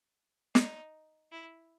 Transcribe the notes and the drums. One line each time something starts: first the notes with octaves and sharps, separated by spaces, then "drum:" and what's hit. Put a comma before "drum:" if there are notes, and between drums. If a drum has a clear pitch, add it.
D#4, drum: snare
E4